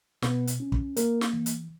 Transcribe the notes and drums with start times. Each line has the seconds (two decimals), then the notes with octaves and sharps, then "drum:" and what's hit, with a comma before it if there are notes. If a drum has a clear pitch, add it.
0.22 B2 B3 B4, drum: snare
0.47 drum: hi-hat
0.60 C#4
0.72 drum: kick
0.97 A#3 A#4, drum: hi-hat
1.21 drum: snare
1.33 E3
1.46 drum: hi-hat